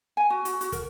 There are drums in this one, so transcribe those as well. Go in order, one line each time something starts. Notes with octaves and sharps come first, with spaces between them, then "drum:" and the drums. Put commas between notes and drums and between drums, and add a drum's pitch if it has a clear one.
G#5
F#4
F#4, drum: hi-hat
F#4, drum: hi-hat
A#4, drum: kick, hi-hat